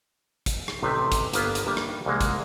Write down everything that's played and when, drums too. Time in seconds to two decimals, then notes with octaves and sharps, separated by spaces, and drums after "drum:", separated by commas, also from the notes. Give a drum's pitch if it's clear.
0.46 drum: kick, hi-hat
0.68 drum: rim click
0.83 A1 C3 D#3 A3 B4 C5
1.12 drum: kick, hi-hat
1.33 G1 A#3 B3 F4 B4, drum: hi-hat
1.55 drum: hi-hat
1.66 G3 A#3 D4 G4 B4 E5
1.77 drum: rim click
2.06 C2 E3 G#3 A#3
2.21 drum: kick, hi-hat